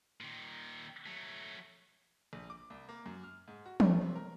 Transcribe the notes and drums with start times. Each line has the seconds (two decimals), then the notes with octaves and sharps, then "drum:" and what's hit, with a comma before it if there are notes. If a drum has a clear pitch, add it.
0.21 A#2 D#3
1.06 F#3 A3
2.33 A#1
2.50 D6
2.70 C2
2.89 A#3
3.06 F#2
3.24 F6
3.48 G#2
3.66 F#4
3.80 A3, drum: tom
4.01 C3
4.16 A#4